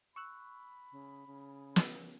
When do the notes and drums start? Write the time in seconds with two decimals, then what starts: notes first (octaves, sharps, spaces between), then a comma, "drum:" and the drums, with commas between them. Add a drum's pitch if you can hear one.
0.16 B5 C#6 E6 F#6
0.92 C#3
1.27 C#3
1.76 drum: snare